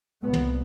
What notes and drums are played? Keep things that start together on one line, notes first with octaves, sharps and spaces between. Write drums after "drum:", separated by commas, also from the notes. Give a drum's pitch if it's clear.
C2 A#2 A3 B3
drum: tom